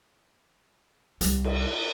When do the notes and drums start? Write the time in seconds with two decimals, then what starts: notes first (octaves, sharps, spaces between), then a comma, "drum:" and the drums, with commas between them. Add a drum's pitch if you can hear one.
1.21 C2 G3, drum: hi-hat
1.44 drum: cymbal